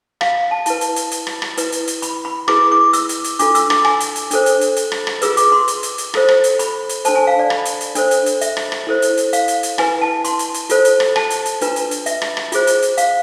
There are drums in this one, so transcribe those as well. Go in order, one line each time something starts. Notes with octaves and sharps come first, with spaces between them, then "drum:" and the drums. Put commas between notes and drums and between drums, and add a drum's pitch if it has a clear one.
F5, drum: rim click
A5
E4 B4 A5, drum: hi-hat
drum: hi-hat
drum: hi-hat
drum: hi-hat
drum: rim click
drum: rim click
E4 B4, drum: hi-hat
drum: hi-hat
drum: hi-hat
B5, drum: hi-hat
B5
E4 G#4 B4 D6, drum: rim click
D6
E6, drum: hi-hat
drum: hi-hat
drum: hi-hat
D4 F4 A4 D6, drum: hi-hat
E6, drum: hi-hat
D6, drum: rim click
G#5, drum: rim click
drum: hi-hat
drum: hi-hat
D4 A4 C5, drum: hi-hat
drum: hi-hat
drum: hi-hat
drum: hi-hat
drum: rim click
drum: rim click
F4 G#4 B4 E6, drum: hi-hat
D6, drum: hi-hat
C6
drum: hi-hat
drum: hi-hat
drum: hi-hat
F4 A4 C5, drum: rim click
drum: rim click
drum: hi-hat
B5, drum: hi-hat
drum: hi-hat
D4 A4 C5 A5, drum: hi-hat
G#5
F5
D5
B5, drum: rim click
drum: hi-hat
drum: hi-hat
D4 A4 C5, drum: hi-hat
drum: hi-hat
drum: hi-hat
E5, drum: hi-hat
drum: rim click
drum: rim click
E4 A4 C5
drum: hi-hat
drum: hi-hat
F5, drum: hi-hat
drum: hi-hat
drum: hi-hat
E4 B4 G#5, drum: rim click
A5
C6, drum: hi-hat
drum: hi-hat
drum: hi-hat
F4 A4 C5, drum: hi-hat
drum: hi-hat
drum: rim click
A5, drum: rim click
drum: hi-hat
drum: hi-hat
D4 F4 B4, drum: hi-hat
drum: hi-hat
drum: hi-hat
E5, drum: hi-hat
drum: rim click
drum: rim click
F4 G#4 C5, drum: hi-hat
drum: hi-hat
drum: hi-hat
F5, drum: hi-hat